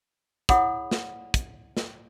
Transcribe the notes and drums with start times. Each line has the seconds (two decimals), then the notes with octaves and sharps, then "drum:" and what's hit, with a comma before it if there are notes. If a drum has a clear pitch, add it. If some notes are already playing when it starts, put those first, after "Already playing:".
0.49 E4 G#4 C#5 F#5 B5 D#6, drum: kick, hi-hat
0.91 drum: snare
1.34 drum: kick, hi-hat
1.77 drum: snare